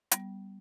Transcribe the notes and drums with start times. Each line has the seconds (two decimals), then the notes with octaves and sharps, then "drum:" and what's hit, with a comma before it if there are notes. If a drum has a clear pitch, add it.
0.11 G3 B3, drum: hi-hat